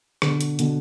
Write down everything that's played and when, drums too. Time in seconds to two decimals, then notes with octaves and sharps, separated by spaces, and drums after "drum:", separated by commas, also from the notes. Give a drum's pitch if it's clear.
0.22 B2 D3, drum: rim click
0.41 drum: hi-hat
0.59 B2 D3, drum: hi-hat